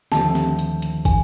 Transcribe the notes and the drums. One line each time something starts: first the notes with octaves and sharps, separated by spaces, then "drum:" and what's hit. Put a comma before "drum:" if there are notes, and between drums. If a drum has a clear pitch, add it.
D#2 D3 F3 A3 C4 A5, drum: snare
drum: snare
drum: hi-hat
drum: hi-hat
G#5, drum: kick, hi-hat